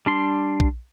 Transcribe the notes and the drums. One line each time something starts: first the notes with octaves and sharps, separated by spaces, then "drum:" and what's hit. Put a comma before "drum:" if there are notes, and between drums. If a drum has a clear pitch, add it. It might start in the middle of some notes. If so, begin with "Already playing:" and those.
G3 D4 C6
drum: kick